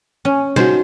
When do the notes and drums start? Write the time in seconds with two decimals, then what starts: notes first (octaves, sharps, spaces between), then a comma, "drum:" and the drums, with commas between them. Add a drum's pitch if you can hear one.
0.25 C#4
0.56 D#4 F#4 C5, drum: snare